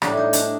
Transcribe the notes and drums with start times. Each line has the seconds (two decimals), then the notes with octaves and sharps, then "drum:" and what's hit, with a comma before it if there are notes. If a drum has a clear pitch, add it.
0.02 A2 G3 D4, drum: rim click
0.17 D#4
0.33 D4, drum: hi-hat